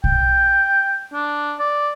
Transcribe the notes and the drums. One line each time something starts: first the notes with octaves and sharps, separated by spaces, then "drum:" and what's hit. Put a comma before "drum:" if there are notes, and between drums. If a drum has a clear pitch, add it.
G5, drum: kick
D4
D5